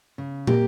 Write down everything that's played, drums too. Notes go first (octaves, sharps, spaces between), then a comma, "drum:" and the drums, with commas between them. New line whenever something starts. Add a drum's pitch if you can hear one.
C#3
A#3 G4, drum: tom